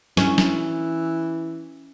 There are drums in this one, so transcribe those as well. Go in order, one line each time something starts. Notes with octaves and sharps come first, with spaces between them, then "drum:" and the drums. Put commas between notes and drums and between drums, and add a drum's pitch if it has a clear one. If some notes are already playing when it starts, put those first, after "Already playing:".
E3 C#4, drum: snare
drum: snare